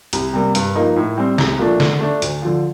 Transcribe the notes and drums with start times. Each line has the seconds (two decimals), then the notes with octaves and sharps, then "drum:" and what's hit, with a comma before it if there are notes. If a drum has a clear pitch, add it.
0.13 C2, drum: hi-hat
0.33 C3 G3 A#3
0.55 G2, drum: hi-hat
0.75 F3 A#3 D#4
0.96 A2
1.18 G3 C4
1.38 C2, drum: snare
1.59 A#2 F3 A3 D4
1.80 D3, drum: snare
2.00 A3 D4
2.22 D2, drum: hi-hat
2.42 D3 F3